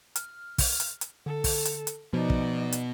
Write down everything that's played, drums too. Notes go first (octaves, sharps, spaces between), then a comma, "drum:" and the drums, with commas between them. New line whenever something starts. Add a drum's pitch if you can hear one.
F6, drum: hi-hat
drum: kick, open hi-hat
drum: hi-hat
drum: hi-hat
D3 A4
drum: kick, open hi-hat
drum: hi-hat
drum: hi-hat
B2 F3 D#4 D5
drum: kick
drum: hi-hat